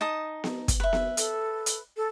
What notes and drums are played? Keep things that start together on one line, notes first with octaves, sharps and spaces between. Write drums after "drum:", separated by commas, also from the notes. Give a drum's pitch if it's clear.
D#4 A5 D#6
drum: snare B3
drum: kick, hi-hat
B4 E5
drum: snare B3
A4, drum: hi-hat
drum: hi-hat
A4